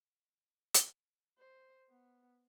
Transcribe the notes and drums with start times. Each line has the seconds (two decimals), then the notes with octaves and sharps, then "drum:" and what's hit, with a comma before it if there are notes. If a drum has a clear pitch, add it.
0.74 drum: hi-hat
1.38 C5
1.90 B3